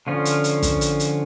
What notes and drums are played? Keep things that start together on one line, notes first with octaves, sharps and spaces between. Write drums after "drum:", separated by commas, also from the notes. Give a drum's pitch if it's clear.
D3 F3 C#4 F4
drum: hi-hat
drum: hi-hat
drum: kick, hi-hat
drum: hi-hat
drum: hi-hat